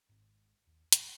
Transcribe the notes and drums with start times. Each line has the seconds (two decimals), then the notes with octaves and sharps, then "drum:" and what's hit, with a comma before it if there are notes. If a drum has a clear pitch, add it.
0.09 G#1 G#2
0.67 D#2
0.92 B1 A2 C3 F#3, drum: hi-hat